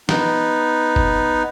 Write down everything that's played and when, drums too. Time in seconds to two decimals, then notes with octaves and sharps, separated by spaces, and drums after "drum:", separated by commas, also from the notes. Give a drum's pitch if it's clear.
0.09 B3 D#4, drum: snare
0.96 drum: kick F#1